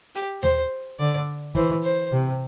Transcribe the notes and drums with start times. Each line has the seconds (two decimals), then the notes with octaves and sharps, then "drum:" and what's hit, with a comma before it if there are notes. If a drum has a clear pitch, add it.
0.15 G4, drum: hi-hat
0.43 C5, drum: tom D#2
0.99 D3 D5
1.55 E3 C5, drum: kick
1.83 C5
2.12 C3